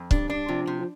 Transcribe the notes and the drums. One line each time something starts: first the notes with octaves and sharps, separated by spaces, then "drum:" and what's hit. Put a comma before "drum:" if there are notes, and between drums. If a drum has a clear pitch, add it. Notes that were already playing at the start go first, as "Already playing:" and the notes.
Already playing: F2
G2 D4, drum: kick C#1
D4
C3 F3
C3
F3